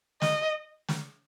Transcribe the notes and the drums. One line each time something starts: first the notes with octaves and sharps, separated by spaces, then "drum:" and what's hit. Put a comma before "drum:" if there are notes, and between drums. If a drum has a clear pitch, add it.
D#5, drum: snare
drum: snare